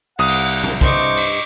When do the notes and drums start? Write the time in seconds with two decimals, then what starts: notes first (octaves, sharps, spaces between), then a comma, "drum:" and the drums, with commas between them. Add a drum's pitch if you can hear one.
0.19 C2 F5 F#5 D#6
0.28 drum: cymbal
0.46 drum: cymbal
0.63 drum: tom
0.81 G2 C5 D#5 C#6 D6, drum: kick
1.17 drum: cymbal